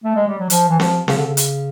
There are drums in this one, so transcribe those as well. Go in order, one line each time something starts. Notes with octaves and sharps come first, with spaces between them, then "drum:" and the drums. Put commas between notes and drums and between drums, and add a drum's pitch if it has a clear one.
A3
G#3
G3
F#3
F3, drum: hi-hat
E3
F3, drum: snare C4
C#3, drum: snare C4
D3
C#3
drum: hi-hat